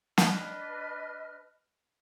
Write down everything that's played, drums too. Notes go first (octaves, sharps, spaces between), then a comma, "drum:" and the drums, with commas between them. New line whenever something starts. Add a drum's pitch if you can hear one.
D4 B4 D#5 F6, drum: snare